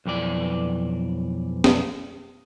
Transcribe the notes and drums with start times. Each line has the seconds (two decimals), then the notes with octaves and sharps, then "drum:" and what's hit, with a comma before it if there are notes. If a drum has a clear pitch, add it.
0.06 B1 F2 E3 D5
1.64 drum: snare